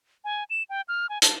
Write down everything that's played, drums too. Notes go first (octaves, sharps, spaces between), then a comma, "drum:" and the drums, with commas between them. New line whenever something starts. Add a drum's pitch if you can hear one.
G#5
E7
G5
F6
G#5
A5, drum: hi-hat